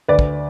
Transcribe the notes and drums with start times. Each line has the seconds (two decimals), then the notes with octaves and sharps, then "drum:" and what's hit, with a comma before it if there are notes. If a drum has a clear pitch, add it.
0.08 D2 B4 D5
0.19 drum: kick